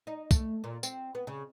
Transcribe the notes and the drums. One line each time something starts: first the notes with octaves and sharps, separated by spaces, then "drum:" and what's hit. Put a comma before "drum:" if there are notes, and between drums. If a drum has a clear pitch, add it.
D#4
A3, drum: kick, tambourine
A#2
C4, drum: tambourine
B3
C#3